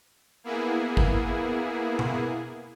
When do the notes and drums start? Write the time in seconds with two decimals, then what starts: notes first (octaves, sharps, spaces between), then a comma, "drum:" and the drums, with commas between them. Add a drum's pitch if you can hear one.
0.44 A#3 B3 E4 G#4
0.97 drum: kick
1.99 drum: tom B2